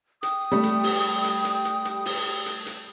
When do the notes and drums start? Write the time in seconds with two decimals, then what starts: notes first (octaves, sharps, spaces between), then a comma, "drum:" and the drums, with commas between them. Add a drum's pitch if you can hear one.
0.23 G5 D#6, drum: hi-hat
0.52 G3 A3
0.63 drum: hi-hat
0.84 drum: open hi-hat
1.24 drum: hi-hat
1.45 drum: hi-hat
1.65 drum: hi-hat
1.85 drum: hi-hat
2.05 drum: open hi-hat
2.46 drum: hi-hat
2.66 drum: hi-hat